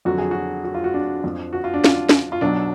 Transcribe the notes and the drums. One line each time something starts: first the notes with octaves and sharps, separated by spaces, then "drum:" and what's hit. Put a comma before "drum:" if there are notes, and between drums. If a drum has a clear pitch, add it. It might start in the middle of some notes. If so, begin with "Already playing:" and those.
F2 D3 F#3 F#4
G#4
F#4
F#4
F4
F#4
D4
F2 F3
F#4
F4
D4
F4, drum: snare C#4
drum: snare C#4
F4
B1 B2 F#3 D4